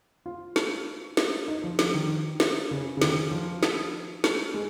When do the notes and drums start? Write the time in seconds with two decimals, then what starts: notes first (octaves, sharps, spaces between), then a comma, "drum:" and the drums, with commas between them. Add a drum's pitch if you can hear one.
0.26 F4
0.56 drum: snare
1.17 drum: snare
1.48 D#4
1.63 F3
1.79 F3, drum: snare
1.94 D#3
2.40 drum: snare
2.71 C#3
2.97 C#3
3.02 D#3, drum: snare
3.31 F3
3.63 drum: snare
4.24 drum: snare
4.54 G#3